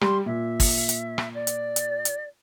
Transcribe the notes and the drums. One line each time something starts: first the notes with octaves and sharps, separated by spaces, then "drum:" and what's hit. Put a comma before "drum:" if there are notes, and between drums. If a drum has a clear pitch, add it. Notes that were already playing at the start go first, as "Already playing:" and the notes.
G3 C6, drum: rim click
A#2 E5
drum: kick, open hi-hat
drum: hi-hat
drum: rim click
D5
drum: hi-hat
drum: hi-hat
drum: hi-hat